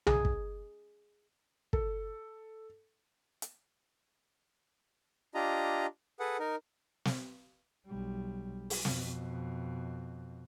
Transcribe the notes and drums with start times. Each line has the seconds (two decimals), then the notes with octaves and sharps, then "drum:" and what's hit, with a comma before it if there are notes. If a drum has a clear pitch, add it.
0.07 G#4, drum: tom B1
0.25 drum: kick
1.73 A4, drum: kick
3.42 drum: hi-hat
5.35 D4 F4 G4 D#5 A#5
6.20 G#4 A4 B4 F#5
6.39 D#4 A#4
7.05 drum: snare
7.87 B1 G3
8.70 drum: open hi-hat
8.85 F2 B2, drum: snare